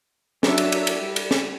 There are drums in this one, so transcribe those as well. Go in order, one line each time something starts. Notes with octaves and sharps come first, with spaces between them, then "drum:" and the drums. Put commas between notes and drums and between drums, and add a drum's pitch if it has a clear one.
F#3 D4 E5, drum: snare
drum: cymbal
drum: cymbal
drum: cymbal
G3
drum: cymbal
drum: snare